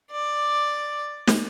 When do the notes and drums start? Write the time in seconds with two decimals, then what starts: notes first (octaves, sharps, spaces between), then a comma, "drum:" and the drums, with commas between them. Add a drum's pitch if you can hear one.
0.11 D5
1.27 drum: snare